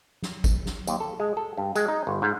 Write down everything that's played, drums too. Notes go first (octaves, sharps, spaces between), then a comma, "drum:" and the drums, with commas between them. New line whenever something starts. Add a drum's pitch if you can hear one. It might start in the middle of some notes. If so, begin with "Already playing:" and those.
drum: snare
drum: kick, tambourine
drum: snare
D#2, drum: tambourine
A4
G#3
A4
G2
G#3, drum: tambourine
D#4
G1
G#2